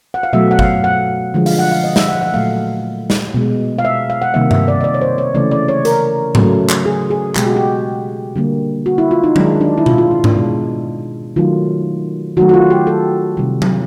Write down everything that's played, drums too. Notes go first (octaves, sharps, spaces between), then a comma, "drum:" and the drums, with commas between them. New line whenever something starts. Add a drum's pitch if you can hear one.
F#5
F5
B2 F#3 A3 E5
F#5
F5, drum: kick
F#5
D3 F3 G#3
F5, drum: open hi-hat
F#5
F5
D#5
E5, drum: snare
F#5
F#5
A#2 F#3 A3 F5
drum: snare
B2 G#3
F5
E5
F5
F#5
C3 D#3 G3 A#3 E5
E5, drum: tom G2
D5
D#5
D5
C#5
C5
C#5
C#3 E3 A3 D5
D5
C#5
A#4, drum: hi-hat
C#3 F#3 A3, drum: tom G#2
drum: clap
G#4
G#4
B2 G#3 G4, drum: clap
F#4
G4
D3 G3 A#3
F#4
E4
F4
D#4
D#3 G#3 D4, drum: tom F#3
D4
E4
F4, drum: tom B2
F4
E4
D4, drum: tom G#2
B2 G#3
D#3 F#3 A3 F4
D#3 F#3 A3 F#4
F#4
F4
G4
A4
C3 D#3 G3
drum: tom F#3